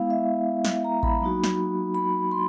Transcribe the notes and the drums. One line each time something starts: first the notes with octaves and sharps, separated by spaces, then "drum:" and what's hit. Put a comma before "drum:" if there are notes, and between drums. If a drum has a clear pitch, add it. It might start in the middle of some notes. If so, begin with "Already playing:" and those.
Already playing: G#3 B3 E4 F5
E5
drum: snare
A#5
B5, drum: kick A1
F#3 A#3 D#4 F#4
drum: snare
B5
C6